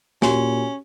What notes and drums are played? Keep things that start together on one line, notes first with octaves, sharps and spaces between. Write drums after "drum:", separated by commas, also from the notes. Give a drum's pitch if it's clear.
A#2 C#4 F#4 G4 G#5, drum: snare